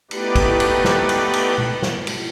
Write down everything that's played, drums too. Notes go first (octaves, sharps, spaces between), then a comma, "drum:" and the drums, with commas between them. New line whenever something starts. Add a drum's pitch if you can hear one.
A3 B3 D#4 G4 B4 D5, drum: cymbal
drum: kick, cymbal
drum: cymbal
drum: snare
drum: cymbal
drum: cymbal
drum: tom B2
drum: snare
drum: cymbal